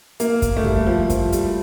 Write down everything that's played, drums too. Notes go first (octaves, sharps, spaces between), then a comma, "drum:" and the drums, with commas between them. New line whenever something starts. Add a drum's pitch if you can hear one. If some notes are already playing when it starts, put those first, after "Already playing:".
A#3, drum: hi-hat
drum: kick, hi-hat
A3
G3, drum: kick
F3
F3, drum: kick, hi-hat
G3, drum: hi-hat